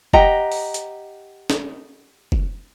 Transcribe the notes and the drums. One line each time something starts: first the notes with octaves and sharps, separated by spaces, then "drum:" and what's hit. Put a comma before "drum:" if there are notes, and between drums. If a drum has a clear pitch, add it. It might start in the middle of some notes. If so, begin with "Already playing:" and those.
G4 D#5 F#5 A#5, drum: kick
drum: open hi-hat
drum: hi-hat
drum: snare
drum: kick